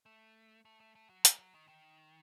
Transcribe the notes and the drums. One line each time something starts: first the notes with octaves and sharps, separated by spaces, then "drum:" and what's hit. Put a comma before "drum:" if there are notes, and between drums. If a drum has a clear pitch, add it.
A3
A3
A3
A3
F#3
G#3, drum: hi-hat
F#3
D#3
D#3